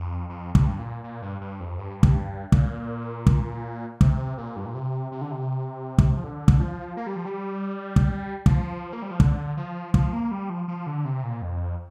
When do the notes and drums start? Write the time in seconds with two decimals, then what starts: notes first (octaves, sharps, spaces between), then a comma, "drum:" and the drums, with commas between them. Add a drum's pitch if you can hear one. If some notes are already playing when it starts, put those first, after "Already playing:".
Already playing: F2
0.29 F2
0.55 G2, drum: kick
0.79 A#2
1.04 A#2
1.22 G2
1.41 G2
1.60 F2
1.78 G2
2.03 drum: kick
2.52 A#2, drum: kick
3.27 drum: kick
4.01 C3, drum: kick
4.38 A#2
4.56 G2
4.66 A#2
4.74 C3
5.12 C3
5.21 D3
5.31 C3
5.98 drum: kick
6.17 F3
6.24 D3
6.48 drum: kick
6.60 F3
6.97 A#3
7.07 G3
7.16 F3
7.26 G3
7.96 drum: kick
8.46 F3, drum: kick
8.93 A#3
9.02 G3
9.11 F3
9.20 D3, drum: kick
9.57 F3
9.94 F3, drum: kick
10.13 A#3
10.31 G3
10.50 F3
10.68 F3
10.87 D3
11.05 C3
11.24 A#2
11.42 F2